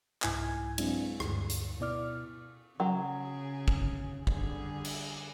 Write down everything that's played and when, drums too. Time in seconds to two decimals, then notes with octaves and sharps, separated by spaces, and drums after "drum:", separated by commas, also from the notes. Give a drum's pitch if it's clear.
0.22 C2 G#2 E4 G#5 G#6, drum: clap
0.78 F#3 G#3 C4 D4 E4, drum: cymbal
1.20 D2 G2, drum: rim click
1.49 drum: hi-hat
1.80 B2 B3 E4 D5 D6 F6
2.80 C#3 F#3 G#4
3.68 drum: kick
4.27 D3 G3 G#4, drum: kick
4.85 drum: cymbal